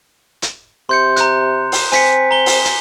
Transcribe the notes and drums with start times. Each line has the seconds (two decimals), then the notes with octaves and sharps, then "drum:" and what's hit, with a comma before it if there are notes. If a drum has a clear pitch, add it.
0.42 drum: hi-hat
0.89 C3 C6 G6 C#7
1.16 A#5 F#6, drum: hi-hat
1.72 drum: open hi-hat
1.92 C4 G#5 B6 C#7, drum: hi-hat
2.31 A#5 G7
2.46 drum: open hi-hat
2.65 drum: hi-hat